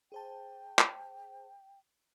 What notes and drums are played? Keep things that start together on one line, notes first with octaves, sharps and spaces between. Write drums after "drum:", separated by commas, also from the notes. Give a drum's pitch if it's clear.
G#4 C5 G5 A5
drum: clap